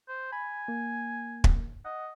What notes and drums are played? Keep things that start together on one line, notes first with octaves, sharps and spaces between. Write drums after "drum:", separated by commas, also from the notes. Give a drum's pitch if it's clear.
C5
G#5 B5
A#3
drum: kick
D#5 F#5